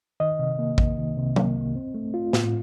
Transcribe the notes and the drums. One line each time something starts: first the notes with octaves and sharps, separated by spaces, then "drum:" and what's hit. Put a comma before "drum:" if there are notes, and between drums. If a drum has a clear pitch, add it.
D#3 D#5
C3
A#3
C2, drum: kick A1
D#3
C3
A#3, drum: tom F#3
C2
C4
A3
F4
A2, drum: snare